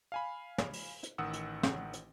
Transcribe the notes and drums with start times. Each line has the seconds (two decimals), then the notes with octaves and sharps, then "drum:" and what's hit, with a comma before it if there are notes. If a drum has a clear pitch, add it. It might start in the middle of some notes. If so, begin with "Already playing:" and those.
0.12 F5 G#5 B5
0.58 drum: snare
0.73 drum: open hi-hat
1.03 drum: hi-hat
1.18 A1 D#3 F#5 D#6 E6
1.33 drum: hi-hat
1.63 drum: snare
1.93 drum: hi-hat